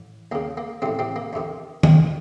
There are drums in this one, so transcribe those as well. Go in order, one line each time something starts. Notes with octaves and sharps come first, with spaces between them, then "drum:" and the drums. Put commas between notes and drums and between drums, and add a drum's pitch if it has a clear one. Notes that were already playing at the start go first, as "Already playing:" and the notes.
Already playing: A1
D#2 C#3 A#3
A#3
A1 A2 C3 C4
C3 C4
A#3
F2 C3 D#3
D#2 D#3, drum: tom